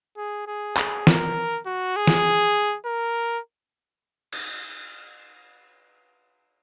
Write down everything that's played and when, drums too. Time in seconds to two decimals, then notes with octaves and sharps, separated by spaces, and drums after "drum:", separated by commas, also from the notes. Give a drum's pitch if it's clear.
0.17 G#4
0.47 G#4
0.77 G#4, drum: clap
1.07 A#4, drum: snare
1.66 F#4
1.96 G#4
2.07 drum: snare
2.86 A#4
4.33 drum: cymbal